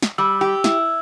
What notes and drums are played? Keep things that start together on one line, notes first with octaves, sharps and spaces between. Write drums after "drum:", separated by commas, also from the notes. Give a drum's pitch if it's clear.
drum: snare
G3 E6
G4
E4, drum: snare